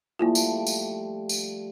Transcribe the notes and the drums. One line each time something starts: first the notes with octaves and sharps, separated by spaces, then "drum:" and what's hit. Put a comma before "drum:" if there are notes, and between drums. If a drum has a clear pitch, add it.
F3 G3 A3 A#3 E4 F4
drum: tambourine
drum: tambourine
drum: tambourine